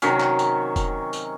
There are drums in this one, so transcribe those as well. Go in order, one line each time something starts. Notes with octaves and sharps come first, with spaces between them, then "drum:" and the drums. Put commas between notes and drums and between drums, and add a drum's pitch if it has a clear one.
C3 D#3 F#3 C#4, drum: tambourine
drum: clap
drum: tambourine
drum: kick E1, tambourine
drum: tambourine